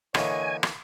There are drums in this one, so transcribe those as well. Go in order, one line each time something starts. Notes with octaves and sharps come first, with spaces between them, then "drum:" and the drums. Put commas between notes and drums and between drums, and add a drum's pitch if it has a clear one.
D3 E3 A#3 C#5 D#5 G#5, drum: rim click
drum: rim click